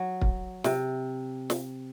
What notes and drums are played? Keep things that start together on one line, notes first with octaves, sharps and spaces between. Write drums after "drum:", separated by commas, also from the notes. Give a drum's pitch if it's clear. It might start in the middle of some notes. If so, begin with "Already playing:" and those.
Already playing: F#3
drum: kick
C3, drum: snare
drum: snare